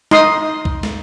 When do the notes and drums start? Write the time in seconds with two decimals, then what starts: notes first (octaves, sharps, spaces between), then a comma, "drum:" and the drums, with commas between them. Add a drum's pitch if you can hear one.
0.11 D#4 C6 D#6, drum: snare
0.65 drum: kick
0.83 drum: snare